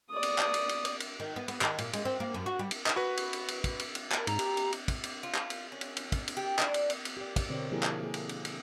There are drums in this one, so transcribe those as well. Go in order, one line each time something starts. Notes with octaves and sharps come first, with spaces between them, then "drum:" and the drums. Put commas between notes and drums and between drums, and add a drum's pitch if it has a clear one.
D5 D#6
drum: cymbal
drum: clap
drum: cymbal
drum: cymbal
drum: cymbal
drum: cymbal
D#3
B3
B3, drum: cymbal
D#3, drum: clap
A#2, drum: cymbal
G#3, drum: cymbal
C4
A#3
F#2
F#4
G3
drum: cymbal
drum: clap
F#4 B4
drum: cymbal
drum: cymbal
drum: cymbal
drum: kick, cymbal
drum: cymbal
drum: cymbal
A#4, drum: clap
G#2 A#5, drum: cymbal
G4, drum: cymbal
drum: cymbal
drum: cymbal
drum: kick, cymbal
drum: cymbal
F4
drum: clap
drum: cymbal
C#4
drum: cymbal
drum: cymbal
drum: kick, cymbal
drum: cymbal
G4
D4, drum: clap
drum: cymbal
drum: cymbal
drum: cymbal
G4 D5
drum: kick, cymbal
B2 D3 C4 A#4 C#5 D5
F3 A#3 E4 G4 G#4 A#4
drum: clap
A#3 G#4 A4
drum: cymbal
drum: cymbal
drum: cymbal